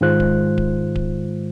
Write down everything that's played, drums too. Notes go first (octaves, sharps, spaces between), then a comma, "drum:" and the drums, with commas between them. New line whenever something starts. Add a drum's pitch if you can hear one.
G#2 D#3 G#3 F4 C5 F#6
drum: kick D1
drum: kick D1
drum: kick D1